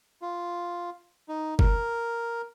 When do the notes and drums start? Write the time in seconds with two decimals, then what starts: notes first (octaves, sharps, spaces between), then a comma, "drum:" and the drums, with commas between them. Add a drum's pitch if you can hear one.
0.22 F4
1.29 D#4
1.59 A#4, drum: kick F#1